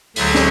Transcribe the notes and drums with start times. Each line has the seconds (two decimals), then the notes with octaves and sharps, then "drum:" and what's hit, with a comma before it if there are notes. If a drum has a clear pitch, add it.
0.16 D2 D3 F#3 A3 E5, drum: open hi-hat
0.35 drum: snare